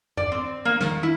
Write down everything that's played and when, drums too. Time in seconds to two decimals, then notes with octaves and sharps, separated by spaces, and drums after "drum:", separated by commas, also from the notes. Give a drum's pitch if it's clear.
0.17 D5, drum: tom G2
0.32 C4
0.65 A#3
0.81 D#3, drum: snare
1.03 E4